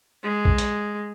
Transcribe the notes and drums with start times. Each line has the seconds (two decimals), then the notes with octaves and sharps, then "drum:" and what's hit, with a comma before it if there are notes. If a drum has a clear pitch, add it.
0.23 G#3
0.45 drum: kick
0.58 drum: hi-hat